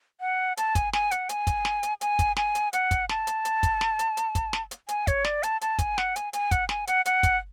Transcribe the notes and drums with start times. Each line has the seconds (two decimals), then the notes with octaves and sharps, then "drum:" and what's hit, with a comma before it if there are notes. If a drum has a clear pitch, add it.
0.21 F#5
0.57 A5, drum: hi-hat
0.75 G#5, drum: kick, hi-hat
0.93 G#5, drum: snare
1.11 F#5, drum: hi-hat
1.29 G#5, drum: hi-hat
1.47 drum: kick, hi-hat
1.65 drum: snare
1.83 drum: hi-hat
2.01 G#5, drum: hi-hat
2.19 drum: kick, hi-hat
2.37 G#5, drum: snare
2.55 drum: hi-hat
2.73 F#5, drum: hi-hat
2.91 drum: kick, hi-hat
3.09 A5, drum: snare
3.27 drum: hi-hat
3.45 drum: hi-hat
3.63 drum: kick, hi-hat
3.81 drum: snare
3.99 drum: hi-hat
4.17 drum: hi-hat
4.35 drum: kick, hi-hat
4.53 drum: snare
4.71 drum: hi-hat
4.89 G#5, drum: hi-hat
5.07 C#5, drum: kick, hi-hat
5.24 D5, drum: snare
5.43 A5, drum: hi-hat
5.61 A5, drum: hi-hat
5.79 G#5, drum: kick, hi-hat
5.98 F#5, drum: snare
6.16 G#5, drum: hi-hat
6.33 G#5, drum: hi-hat
6.51 F#5, drum: kick, hi-hat
6.69 G#5, drum: snare
6.87 F#5, drum: hi-hat
7.05 F#5, drum: hi-hat
7.23 drum: kick, hi-hat